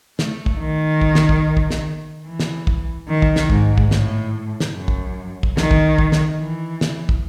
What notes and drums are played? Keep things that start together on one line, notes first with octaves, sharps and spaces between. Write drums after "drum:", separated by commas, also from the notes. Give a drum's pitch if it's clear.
A3, drum: snare
drum: kick
D#3
drum: kick
drum: snare
drum: kick
drum: kick
drum: snare
E3
drum: snare
drum: kick
D#3
drum: kick
drum: snare
G#2, drum: kick
drum: kick
A2, drum: snare
drum: snare
F#2
drum: kick
drum: kick
D#3, drum: snare
drum: kick
drum: kick
drum: snare
E3
drum: snare
drum: kick